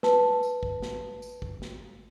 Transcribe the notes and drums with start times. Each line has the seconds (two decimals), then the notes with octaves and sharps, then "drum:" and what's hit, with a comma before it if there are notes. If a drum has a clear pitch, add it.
0.03 B4 A5, drum: snare
0.43 drum: tambourine
0.63 drum: kick
0.83 drum: snare
1.22 drum: tambourine
1.42 drum: kick
1.62 drum: snare